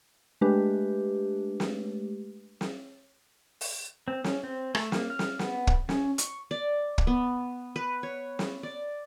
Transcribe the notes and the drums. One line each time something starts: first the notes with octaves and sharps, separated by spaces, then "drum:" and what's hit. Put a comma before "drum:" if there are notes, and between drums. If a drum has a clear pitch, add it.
G#3 A3 D4 G4 B4
drum: snare
drum: snare
drum: open hi-hat
C4
C#4, drum: snare
C4
A3, drum: rim click
A#3, drum: snare
F6
drum: snare
B3, drum: snare
drum: kick
C#4, drum: snare
C#6, drum: hi-hat
D5
drum: kick
B3
B4
C#5
drum: snare
D5